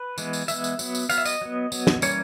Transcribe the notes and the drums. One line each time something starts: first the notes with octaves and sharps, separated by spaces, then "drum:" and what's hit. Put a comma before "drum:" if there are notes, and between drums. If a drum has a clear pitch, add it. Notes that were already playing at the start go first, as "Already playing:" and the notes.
Already playing: B4
E3 G#3 B3, drum: tambourine
drum: tambourine
E3 G#3 B3 E5, drum: tambourine
drum: tambourine
F#3 B3, drum: tambourine
drum: tambourine
F#3 B3 F5, drum: tambourine
E5
D#5, drum: tambourine
F#3 B3
F#3 B3, drum: tambourine
drum: snare
E3 G3 A#3 C#4 C#5, drum: tambourine